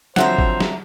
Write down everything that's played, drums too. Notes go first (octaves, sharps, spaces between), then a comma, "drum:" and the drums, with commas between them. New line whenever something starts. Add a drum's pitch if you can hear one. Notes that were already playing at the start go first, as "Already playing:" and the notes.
D3 F3 F#3 C4 C5 E5 F#5 A#5, drum: snare
drum: kick G#1
drum: snare